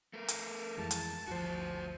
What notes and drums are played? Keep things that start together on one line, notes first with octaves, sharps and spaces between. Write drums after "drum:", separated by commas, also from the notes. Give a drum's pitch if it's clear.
A3 A#4
drum: hi-hat
F2 E3 G#3 A5
drum: hi-hat
G1 D2 F3 F#4 C5